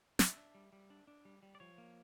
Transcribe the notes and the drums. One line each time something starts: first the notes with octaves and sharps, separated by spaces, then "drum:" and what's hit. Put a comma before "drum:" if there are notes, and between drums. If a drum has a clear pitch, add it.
D4 E5, drum: snare
D4
G3
G3
D4
D4
G3
G3
D5
F3 C#5
A#3